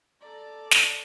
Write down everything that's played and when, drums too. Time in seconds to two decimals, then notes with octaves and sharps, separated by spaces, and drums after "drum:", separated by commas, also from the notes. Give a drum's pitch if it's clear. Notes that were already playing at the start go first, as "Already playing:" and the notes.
0.22 A4 D5 A#5
0.71 drum: snare